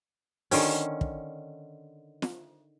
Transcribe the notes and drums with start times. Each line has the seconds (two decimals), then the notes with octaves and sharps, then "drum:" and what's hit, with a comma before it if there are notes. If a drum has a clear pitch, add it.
0.51 D3 D#3 C#4, drum: open hi-hat
1.01 drum: kick
2.22 drum: snare